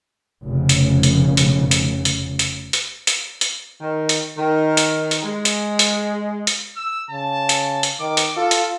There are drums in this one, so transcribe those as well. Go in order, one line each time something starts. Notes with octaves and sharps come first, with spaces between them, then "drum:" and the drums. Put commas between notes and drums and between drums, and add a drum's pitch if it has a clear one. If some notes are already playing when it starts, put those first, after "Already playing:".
F1 C#3
drum: hi-hat
drum: hi-hat
drum: hi-hat
drum: hi-hat
drum: hi-hat
drum: hi-hat
drum: hi-hat
drum: hi-hat
drum: hi-hat
D#3
drum: hi-hat
D#3
drum: hi-hat
drum: hi-hat
G#3
drum: hi-hat
drum: hi-hat
drum: hi-hat
E6
C#3 A5
drum: hi-hat
drum: hi-hat
D#3 D6
drum: hi-hat
F4 A4
drum: hi-hat